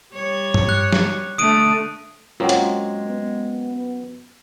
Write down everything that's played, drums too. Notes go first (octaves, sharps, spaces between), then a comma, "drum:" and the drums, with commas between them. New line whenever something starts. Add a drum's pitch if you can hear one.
G3 C#5
drum: tom G2
F#6
drum: snare
D3 A3 D#6 D7 D#7
F#2 G#3 A#3 C4 F4 C#5 F#5
drum: hi-hat
B3